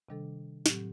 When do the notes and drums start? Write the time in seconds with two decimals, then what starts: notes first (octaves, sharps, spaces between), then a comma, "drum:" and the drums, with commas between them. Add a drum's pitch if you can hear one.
0.09 C3 D#3 G3 D4 A4
0.66 A2 F#3 C4 G4, drum: snare